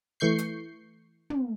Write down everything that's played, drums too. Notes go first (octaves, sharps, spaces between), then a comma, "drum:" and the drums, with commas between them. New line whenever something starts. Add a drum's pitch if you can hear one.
E3 A3 C#6 G6 C7
drum: hi-hat
drum: tom